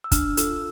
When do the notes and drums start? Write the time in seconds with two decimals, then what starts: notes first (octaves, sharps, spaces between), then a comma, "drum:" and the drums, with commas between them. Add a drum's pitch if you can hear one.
0.04 E6
0.12 D4 F6, drum: kick, hi-hat
0.37 F4 A4 E6, drum: hi-hat